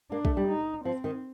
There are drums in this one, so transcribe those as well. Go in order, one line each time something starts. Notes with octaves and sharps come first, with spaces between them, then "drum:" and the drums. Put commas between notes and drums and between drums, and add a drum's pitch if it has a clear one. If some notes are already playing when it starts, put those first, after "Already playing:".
A#3 D4
A3, drum: kick
G3
D#4
F3 C4
D#3